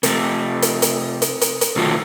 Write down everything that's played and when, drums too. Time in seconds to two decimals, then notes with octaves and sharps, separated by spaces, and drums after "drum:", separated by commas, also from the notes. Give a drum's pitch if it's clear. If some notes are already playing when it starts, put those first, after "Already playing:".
0.03 C3 A3, drum: hi-hat
0.62 drum: hi-hat
0.82 drum: hi-hat
1.22 drum: hi-hat
1.41 drum: hi-hat
1.61 drum: hi-hat
1.76 B2 D#3 F#3 A3 F4 A4